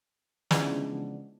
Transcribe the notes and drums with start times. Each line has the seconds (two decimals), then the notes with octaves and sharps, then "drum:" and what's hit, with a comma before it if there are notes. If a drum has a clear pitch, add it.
0.51 C#3 E3 F3 G#3 B3 D4, drum: snare